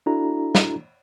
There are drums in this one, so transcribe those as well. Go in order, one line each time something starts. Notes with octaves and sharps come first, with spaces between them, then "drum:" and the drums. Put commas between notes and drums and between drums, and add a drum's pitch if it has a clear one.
D4 E4 F#4 A4 A#5
drum: snare